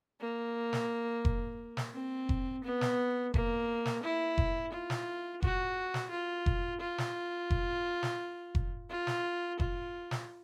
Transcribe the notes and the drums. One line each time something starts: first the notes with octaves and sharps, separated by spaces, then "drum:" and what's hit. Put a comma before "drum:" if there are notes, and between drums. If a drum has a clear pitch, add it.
A#3
drum: snare
drum: kick F1
drum: snare
C4
drum: kick F1
B3
drum: snare
A#3, drum: kick F1
drum: snare
E4
drum: kick F1
F4
drum: snare
F#4, drum: kick F1
drum: snare
F4
drum: kick F1
F4
drum: snare
drum: kick F1
drum: snare
drum: kick F1
F4
drum: snare
F4, drum: kick F1
drum: snare